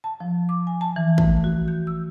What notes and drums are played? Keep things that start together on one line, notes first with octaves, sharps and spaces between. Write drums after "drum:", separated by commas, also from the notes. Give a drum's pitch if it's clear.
A5
F3
D6
G#5
A5
E3
A3, drum: kick
F#4
G6
E6